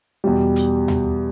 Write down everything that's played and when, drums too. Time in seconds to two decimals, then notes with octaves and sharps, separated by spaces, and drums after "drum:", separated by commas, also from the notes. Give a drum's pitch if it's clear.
0.24 E2 B2 G3
0.56 drum: hi-hat
0.88 drum: tom D#2